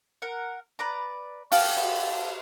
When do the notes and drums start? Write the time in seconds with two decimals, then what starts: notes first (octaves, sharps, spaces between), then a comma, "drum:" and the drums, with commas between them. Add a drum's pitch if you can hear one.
0.22 A#4 F#5
0.79 B4 D5 A#5
1.52 F#4 G4 A4 F5, drum: open hi-hat
1.77 drum: cymbal